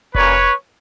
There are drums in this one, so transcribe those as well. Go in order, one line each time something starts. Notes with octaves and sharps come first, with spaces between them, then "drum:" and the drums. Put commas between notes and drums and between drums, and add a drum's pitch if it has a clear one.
G3 A#3 C#4 B4 C#5, drum: kick F1